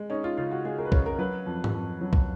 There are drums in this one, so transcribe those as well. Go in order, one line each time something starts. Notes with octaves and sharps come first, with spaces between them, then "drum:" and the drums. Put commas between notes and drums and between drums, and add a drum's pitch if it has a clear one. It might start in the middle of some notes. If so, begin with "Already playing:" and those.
Already playing: G#3
C#4 D#4
F4
C#3 F4
F#4
G#3 G#4
A#4
B4
C#4 A#4, drum: kick
A#4
F#3 B4
F2
drum: tom G#2
F2
F#3
drum: kick